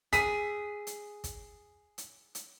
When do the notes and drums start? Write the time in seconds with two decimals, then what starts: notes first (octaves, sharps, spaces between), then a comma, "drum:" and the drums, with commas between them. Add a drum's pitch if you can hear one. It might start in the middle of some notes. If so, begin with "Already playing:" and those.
0.13 G#4 B6 D#7, drum: kick, hi-hat
0.87 drum: hi-hat
1.24 drum: kick, hi-hat
1.98 drum: hi-hat
2.35 drum: hi-hat